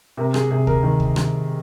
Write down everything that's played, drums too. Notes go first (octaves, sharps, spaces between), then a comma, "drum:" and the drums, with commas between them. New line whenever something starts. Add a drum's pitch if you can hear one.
C3 A#4
G#4, drum: rim click
C3 G#4
A#4, drum: kick
D#3
drum: kick
drum: rim click